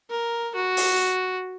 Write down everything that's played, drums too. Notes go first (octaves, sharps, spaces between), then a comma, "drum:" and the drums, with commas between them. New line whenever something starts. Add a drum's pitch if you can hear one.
A#4
F#4
drum: open hi-hat